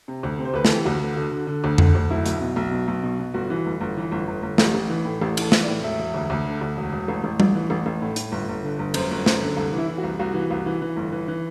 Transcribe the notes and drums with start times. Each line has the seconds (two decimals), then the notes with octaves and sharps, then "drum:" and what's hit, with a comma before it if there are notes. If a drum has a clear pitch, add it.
0.08 C3
0.23 D2
0.39 C3
0.45 C5
0.54 D2 B4
0.65 E3 A4, drum: snare
0.75 G4
0.85 D2 F#4
1.01 D3
1.16 D3 F#4
1.31 D3
1.47 D3
1.64 D2
1.78 D3, drum: tom F2
1.95 D2
2.10 B1 E4
2.26 B1, drum: hi-hat
2.41 B2
2.56 B1
2.72 B2
2.88 B1
3.03 B2
3.19 B2
3.34 G1 F#4
3.50 E3
3.66 G1
3.81 G1
3.97 E3
4.12 G1
4.28 G1
4.43 G1
4.58 A1 G4, drum: snare
4.74 A1
4.90 E3
5.05 A2
5.21 A1 G4
5.37 E3 A4, drum: cymbal
5.52 E3, drum: snare
5.63 D5
5.68 A2
5.83 E1 E5
5.99 E1
6.14 D2
6.30 D2
6.45 D3
6.61 D2
6.77 E1
6.92 E1
7.08 A1
7.24 A1
7.40 A1, drum: tom G3
7.55 E3
7.70 A1
7.86 A1
8.02 A2
8.16 A2, drum: hi-hat
8.32 G1
8.49 G1
8.63 D3
8.79 G1
8.94 F#2 C5, drum: cymbal
9.11 G1
9.26 F#2 C5, drum: snare
9.41 D3
9.56 C2 A4
9.73 E3
9.78 E4
9.88 E3
9.98 F#4
10.03 C2
10.19 C2 F#4
10.34 E3
10.50 C2
10.66 E3
10.82 E3
10.97 G1
11.12 E3
11.28 E3